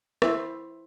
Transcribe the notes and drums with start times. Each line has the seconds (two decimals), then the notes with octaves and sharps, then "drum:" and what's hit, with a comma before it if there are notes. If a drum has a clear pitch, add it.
0.22 E4 C5 E5 E6, drum: rim click